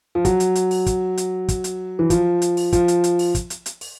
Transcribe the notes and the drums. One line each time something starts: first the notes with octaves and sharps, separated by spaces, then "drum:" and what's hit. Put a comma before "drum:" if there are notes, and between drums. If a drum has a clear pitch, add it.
F3
F#3, drum: kick, hi-hat
drum: hi-hat
drum: hi-hat
drum: open hi-hat
drum: kick, hi-hat
drum: hi-hat
drum: kick, hi-hat
drum: hi-hat
E3
F3, drum: kick, hi-hat
drum: hi-hat
drum: open hi-hat
F3, drum: kick, hi-hat
drum: hi-hat
drum: hi-hat
drum: open hi-hat
drum: kick, hi-hat
drum: hi-hat
drum: hi-hat
drum: open hi-hat